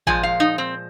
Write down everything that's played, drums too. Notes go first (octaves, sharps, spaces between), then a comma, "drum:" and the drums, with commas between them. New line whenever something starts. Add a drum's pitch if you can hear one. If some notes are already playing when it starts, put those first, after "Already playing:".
A#2 F3 G#3 G#5, drum: kick G#1
F5
D#4
C4